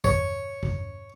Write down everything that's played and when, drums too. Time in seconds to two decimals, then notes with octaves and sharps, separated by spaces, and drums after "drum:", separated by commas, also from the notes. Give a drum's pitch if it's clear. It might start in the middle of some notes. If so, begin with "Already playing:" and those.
0.04 C#5, drum: kick
0.63 drum: kick